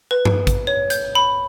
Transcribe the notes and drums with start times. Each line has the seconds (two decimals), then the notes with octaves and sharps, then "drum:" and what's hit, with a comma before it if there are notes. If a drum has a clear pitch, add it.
0.11 B4
0.25 drum: tom G2
0.47 drum: kick, hi-hat
0.67 C#5
0.90 G6, drum: hi-hat
1.15 B5